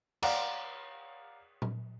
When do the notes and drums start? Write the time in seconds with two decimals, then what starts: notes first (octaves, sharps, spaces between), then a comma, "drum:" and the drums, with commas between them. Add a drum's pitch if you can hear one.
0.22 D5 F5 F#5 A#5, drum: cymbal
1.62 drum: tom A#2